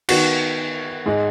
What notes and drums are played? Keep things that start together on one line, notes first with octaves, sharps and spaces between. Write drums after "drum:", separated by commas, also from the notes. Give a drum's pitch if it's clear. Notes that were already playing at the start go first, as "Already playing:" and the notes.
D#3 B3 F#4, drum: cymbal
G#2 G#3 D#4